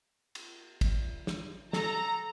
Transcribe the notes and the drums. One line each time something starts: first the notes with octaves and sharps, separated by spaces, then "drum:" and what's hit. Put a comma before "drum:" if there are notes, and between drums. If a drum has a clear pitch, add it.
drum: cymbal
drum: kick, cymbal
drum: snare
A4 A#5, drum: snare